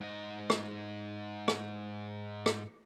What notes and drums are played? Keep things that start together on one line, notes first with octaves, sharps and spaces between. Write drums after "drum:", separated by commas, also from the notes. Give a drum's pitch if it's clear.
G#2 D#5
drum: rim click
drum: rim click
drum: rim click